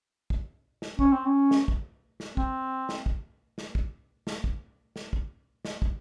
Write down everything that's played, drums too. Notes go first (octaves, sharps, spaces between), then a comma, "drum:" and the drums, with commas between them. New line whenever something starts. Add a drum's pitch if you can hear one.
drum: kick
drum: snare
C#4, drum: kick
C4
C#4
drum: snare
drum: kick
drum: snare
C4, drum: kick
drum: snare
drum: kick
drum: snare
drum: kick
drum: snare
drum: kick
drum: snare
drum: kick
drum: snare
drum: kick